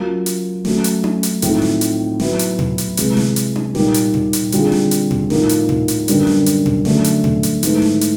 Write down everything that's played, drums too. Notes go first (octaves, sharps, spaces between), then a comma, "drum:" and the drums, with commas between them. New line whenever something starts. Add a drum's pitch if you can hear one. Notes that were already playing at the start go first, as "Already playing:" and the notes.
Already playing: F#3 A#3 C#4 F4
drum: hi-hat
F#3 A3 C#4, drum: snare
drum: hi-hat
drum: tom C#4
drum: hi-hat
A2 F3 A3 C4 D#4, drum: hi-hat
drum: snare
drum: hi-hat
F#3 B3 E4, drum: snare
drum: hi-hat
drum: tom A#2
drum: hi-hat
C3 E3 G#3, drum: hi-hat
drum: snare
drum: hi-hat
drum: tom C#4
A#2 G3 A#3 D#4 G4, drum: snare
drum: hi-hat
drum: tom A#2
drum: hi-hat
D3 G3 C4 F4 G#4, drum: hi-hat
drum: snare
drum: hi-hat
drum: tom A#2
A2 F3 A#3 D#4, drum: snare
drum: hi-hat
drum: tom A#2
drum: hi-hat
F#2 D3 G3 B3 D4, drum: hi-hat
drum: snare
drum: hi-hat
drum: tom A#2
D3 F#3 A3 C#4, drum: snare
drum: hi-hat
drum: tom A#2
drum: hi-hat
G#2 E3 A3, drum: hi-hat
drum: snare
drum: hi-hat